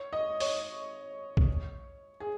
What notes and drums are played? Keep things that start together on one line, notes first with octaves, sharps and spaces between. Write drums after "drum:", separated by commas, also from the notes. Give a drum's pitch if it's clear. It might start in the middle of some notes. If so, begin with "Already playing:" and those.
Already playing: C#5
D#5
C#5, drum: open hi-hat
drum: kick A#1
G#4